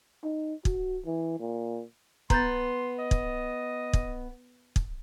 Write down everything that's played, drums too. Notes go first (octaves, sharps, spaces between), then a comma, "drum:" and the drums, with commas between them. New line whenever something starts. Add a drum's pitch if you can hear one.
D#4
F#4, drum: kick
E3
A#2
B3 A#5 C6 G6 A6, drum: kick
D#5
drum: kick
drum: kick
drum: kick